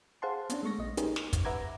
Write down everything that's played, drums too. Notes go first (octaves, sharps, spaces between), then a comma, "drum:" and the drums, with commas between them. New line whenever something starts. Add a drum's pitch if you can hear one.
G#4 C5 F5 F#5 A5 C6
B3 C#4 D4, drum: hi-hat
G#3 A3 C#6 A#6
A#1 D#5
C#4 D#4 G4 G#4 A#4 B4, drum: hi-hat
drum: snare
drum: kick, hi-hat
B4 E5 F#5 A#5 D6 G#6